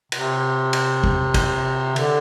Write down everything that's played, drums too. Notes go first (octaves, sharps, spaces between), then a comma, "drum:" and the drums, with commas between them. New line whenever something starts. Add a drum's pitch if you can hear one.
C3, drum: cymbal
drum: cymbal
drum: kick
drum: kick, cymbal
D3, drum: cymbal